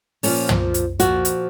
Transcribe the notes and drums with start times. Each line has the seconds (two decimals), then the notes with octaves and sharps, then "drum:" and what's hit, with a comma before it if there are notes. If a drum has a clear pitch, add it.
0.23 A#2 F3 C#4, drum: open hi-hat
0.49 drum: tom
0.74 drum: hi-hat
1.00 A#2 F3 F#4, drum: hi-hat
1.25 drum: hi-hat